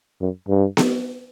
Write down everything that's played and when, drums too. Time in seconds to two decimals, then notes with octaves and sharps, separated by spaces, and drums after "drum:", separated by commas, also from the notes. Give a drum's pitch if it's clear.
0.21 F#2
0.48 G2
0.77 drum: snare B3